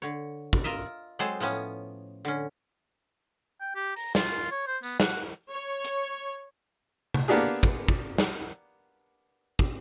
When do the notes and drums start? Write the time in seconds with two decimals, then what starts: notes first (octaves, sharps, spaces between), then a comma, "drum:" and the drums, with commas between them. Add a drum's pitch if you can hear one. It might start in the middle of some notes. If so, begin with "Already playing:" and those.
0.02 D3 C#5
0.53 drum: kick
0.64 F4 A#4 D#5 E5
1.19 F#3 G#3 C4 G#4 A4 C5
1.40 A2 F3 B3 C#4 G#5, drum: tambourine
2.25 D3 C#4
3.61 G5
3.75 G4
3.96 A#5, drum: open hi-hat
4.15 F4, drum: snare
4.51 C#5
4.67 C5
4.83 B3, drum: tambourine
5.00 F#5, drum: snare
5.50 C#5
5.85 drum: hi-hat
7.14 drum: tom C3
7.28 A#3 B3 D4 G4 G#4
7.63 drum: kick
7.88 drum: kick
8.18 drum: snare
9.59 drum: kick